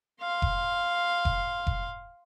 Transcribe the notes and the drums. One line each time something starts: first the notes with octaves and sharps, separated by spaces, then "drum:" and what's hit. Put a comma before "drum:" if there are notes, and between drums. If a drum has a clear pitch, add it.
F5 C6
drum: kick F1
drum: kick F1
drum: kick F1